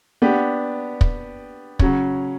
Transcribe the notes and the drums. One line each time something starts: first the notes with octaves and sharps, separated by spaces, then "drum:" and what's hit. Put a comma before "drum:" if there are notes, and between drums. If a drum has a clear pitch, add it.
B3 D4 G4
drum: kick
C#3 F#3 C#4, drum: kick